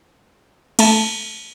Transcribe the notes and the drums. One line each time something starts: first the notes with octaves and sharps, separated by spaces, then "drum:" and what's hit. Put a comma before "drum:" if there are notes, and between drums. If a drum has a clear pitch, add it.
A3 A5, drum: cymbal